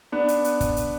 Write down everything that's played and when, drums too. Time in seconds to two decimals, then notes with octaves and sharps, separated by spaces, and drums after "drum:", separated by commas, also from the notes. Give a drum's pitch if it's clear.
0.12 B3 D4
0.28 drum: hi-hat
0.44 drum: hi-hat
0.60 drum: kick, hi-hat
0.77 drum: hi-hat